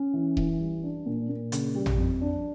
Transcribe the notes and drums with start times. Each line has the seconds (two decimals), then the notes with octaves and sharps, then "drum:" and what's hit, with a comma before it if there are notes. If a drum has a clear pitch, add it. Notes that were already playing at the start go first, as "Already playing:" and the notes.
Already playing: C#4
0.14 E3
0.37 E3, drum: kick D#1
0.60 G3
0.83 D4
1.06 A#2
1.29 A#2
1.52 C#3, drum: hi-hat
1.75 G3
1.86 drum: tom
1.98 F2
2.21 D4